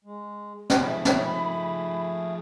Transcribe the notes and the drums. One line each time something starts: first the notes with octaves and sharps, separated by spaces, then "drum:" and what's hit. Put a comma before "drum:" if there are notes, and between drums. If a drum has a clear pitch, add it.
G#3
drum: snare
F3 A3 D#4 G#4 B5
drum: snare